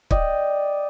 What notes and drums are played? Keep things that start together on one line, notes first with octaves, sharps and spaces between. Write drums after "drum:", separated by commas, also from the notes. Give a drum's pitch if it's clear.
D5 D#5 G5, drum: kick